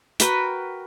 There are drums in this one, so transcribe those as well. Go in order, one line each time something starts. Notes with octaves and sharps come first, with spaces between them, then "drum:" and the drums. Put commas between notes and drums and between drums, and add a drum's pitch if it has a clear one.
F#4 A#4 B4 G5, drum: hi-hat